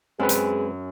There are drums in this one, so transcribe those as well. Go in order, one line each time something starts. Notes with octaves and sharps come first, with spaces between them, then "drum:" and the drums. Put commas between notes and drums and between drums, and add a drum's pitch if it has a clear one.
F#2 G#3 C4 G#4 B4
drum: hi-hat